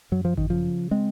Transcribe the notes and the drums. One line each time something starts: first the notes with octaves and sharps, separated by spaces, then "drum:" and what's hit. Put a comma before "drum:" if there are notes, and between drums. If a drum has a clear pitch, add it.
F#2 F#3
F3
D#3, drum: kick G#1
C#3 F3
G#3 C4